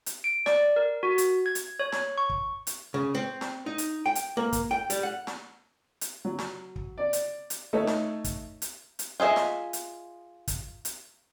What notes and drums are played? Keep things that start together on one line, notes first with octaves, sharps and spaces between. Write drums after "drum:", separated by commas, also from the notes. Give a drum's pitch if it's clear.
drum: hi-hat
D7
D5, drum: snare
A#4
F#4
drum: hi-hat
G#6
drum: hi-hat
C#5
drum: snare
C#6
drum: kick
drum: hi-hat
C#3
C4
drum: snare
D#4
drum: hi-hat
G5
drum: hi-hat
A#3
drum: kick, hi-hat
G5
G3, drum: hi-hat
F#5
drum: snare
drum: hi-hat
F#3
drum: snare
drum: kick
D5
drum: hi-hat
drum: hi-hat
A3 D#4 A4 C#5
drum: snare
drum: kick, hi-hat
drum: hi-hat
drum: hi-hat
F4 G#4 D#5 E5
drum: snare
drum: hi-hat
drum: kick, hi-hat
drum: hi-hat